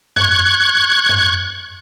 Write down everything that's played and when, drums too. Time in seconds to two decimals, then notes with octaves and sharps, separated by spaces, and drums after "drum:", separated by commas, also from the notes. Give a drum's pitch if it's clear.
0.16 C#6 F#6 G#6, drum: tom F#2
1.09 drum: tom F#2